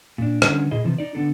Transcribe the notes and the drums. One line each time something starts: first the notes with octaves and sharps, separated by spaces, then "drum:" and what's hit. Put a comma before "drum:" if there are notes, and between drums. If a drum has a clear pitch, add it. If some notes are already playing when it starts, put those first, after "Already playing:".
A#2 D4
D3 G3 C#4, drum: rim click
A#2 E4 G#4 D#5
C3 E3 F3
D#4 D5
D3 B3 D4 A4